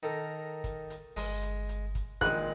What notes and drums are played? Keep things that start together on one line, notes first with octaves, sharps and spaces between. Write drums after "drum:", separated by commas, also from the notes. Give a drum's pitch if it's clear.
D#3 A4 A#4
drum: kick, hi-hat
drum: hi-hat
G1 G#3, drum: open hi-hat
drum: hi-hat
drum: hi-hat
drum: kick, hi-hat
A#2 D#3 G#3 F#6, drum: kick, hi-hat